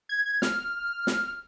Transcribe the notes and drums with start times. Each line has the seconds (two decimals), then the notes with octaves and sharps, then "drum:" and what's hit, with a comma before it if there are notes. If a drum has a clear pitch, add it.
0.09 G#6
0.26 G#6
0.42 F6, drum: snare
1.07 drum: snare